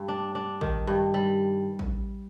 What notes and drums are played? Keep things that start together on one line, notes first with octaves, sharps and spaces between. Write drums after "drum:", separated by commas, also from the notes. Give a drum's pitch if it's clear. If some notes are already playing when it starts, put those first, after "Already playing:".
Already playing: G2
D4
D4
D#3, drum: kick A1
G2
G3
drum: kick A1